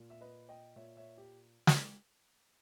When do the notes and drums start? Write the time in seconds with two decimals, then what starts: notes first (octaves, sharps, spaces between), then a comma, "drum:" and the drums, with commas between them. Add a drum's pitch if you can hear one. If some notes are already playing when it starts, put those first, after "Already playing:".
Already playing: A#2
0.10 E5
0.21 B4 D#5
0.49 D#5 G5
0.76 A#2 C#5 E5
0.97 C#5 E5
1.18 G4
1.67 drum: snare